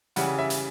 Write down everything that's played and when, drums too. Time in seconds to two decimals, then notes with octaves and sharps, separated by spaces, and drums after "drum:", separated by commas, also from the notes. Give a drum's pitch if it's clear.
0.16 C#3 E3 G3 F#5, drum: hi-hat
0.39 E5
0.50 drum: hi-hat